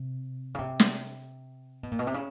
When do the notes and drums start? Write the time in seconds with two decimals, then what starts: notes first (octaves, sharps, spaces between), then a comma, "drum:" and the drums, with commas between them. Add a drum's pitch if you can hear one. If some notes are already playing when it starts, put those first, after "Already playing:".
Already playing: C3
0.55 C#3
0.59 C3
0.80 drum: snare
1.83 B2
1.92 A#2
1.99 B2
2.07 C3
2.14 C#3